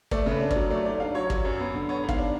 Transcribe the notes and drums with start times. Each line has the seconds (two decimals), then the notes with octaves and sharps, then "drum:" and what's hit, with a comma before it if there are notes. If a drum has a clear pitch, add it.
0.11 A3 D5, drum: kick
0.26 C#3
0.31 B4
0.41 D4
0.51 D5, drum: kick
0.55 F#3
0.70 A3 D5
0.85 G#2 D5
1.00 D4 F5
1.14 F#3 C#5
1.30 F#3, drum: kick
1.45 F#2
1.59 B3
1.74 D3
1.89 B3 C#5
2.03 G#2
2.09 F5, drum: kick
2.18 D4